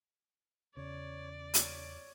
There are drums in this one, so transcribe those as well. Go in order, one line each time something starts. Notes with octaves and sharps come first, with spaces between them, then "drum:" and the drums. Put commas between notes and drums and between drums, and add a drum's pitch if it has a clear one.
E2 C#3 C#5 D5
C#5, drum: hi-hat